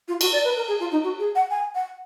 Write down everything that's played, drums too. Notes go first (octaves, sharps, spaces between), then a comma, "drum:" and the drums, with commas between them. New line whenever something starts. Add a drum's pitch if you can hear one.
F4
F#4, drum: cymbal
D5
B4
A#4
G#4
F4
D#4
F#4
G#4
F#5
G#5
F#5